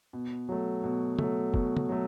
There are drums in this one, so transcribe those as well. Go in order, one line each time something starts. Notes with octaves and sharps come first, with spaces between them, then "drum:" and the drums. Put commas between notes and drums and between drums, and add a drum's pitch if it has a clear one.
B2
F#3 A3
B2
F#3 A3, drum: tom
B2, drum: kick F1
drum: tom
F#3 A3